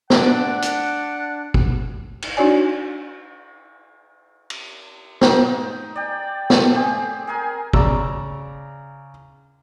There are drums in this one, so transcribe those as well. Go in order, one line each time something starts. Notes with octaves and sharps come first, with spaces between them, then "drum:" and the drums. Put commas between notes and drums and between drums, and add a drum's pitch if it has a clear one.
D4 F#5, drum: snare
drum: hi-hat
drum: kick
drum: cymbal
D4 D#4 F#4 C#5 D5 G#5
drum: cymbal
D#4, drum: snare
D5 G5
A3, drum: snare
C4 G4 G#4
G#4 A#4 G#5 C6
C#3 D5 A#5 E6, drum: kick